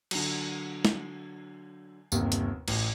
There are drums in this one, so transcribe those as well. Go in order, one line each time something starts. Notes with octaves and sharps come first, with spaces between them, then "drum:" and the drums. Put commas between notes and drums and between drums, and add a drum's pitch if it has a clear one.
D3 F#3, drum: cymbal
drum: snare
G1 D#2 C3, drum: tambourine
drum: hi-hat
A1, drum: cymbal